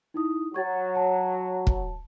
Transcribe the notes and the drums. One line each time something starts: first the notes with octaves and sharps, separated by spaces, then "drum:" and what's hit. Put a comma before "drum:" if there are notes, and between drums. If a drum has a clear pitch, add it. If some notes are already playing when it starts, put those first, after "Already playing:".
D#4 E4 D#6
F#3 C#6 G#6 A6
A5
drum: kick